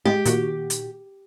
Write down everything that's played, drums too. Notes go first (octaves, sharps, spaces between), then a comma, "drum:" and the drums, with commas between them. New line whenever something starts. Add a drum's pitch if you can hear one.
G#3 G4
A#2 D#3 F#4, drum: hi-hat
drum: hi-hat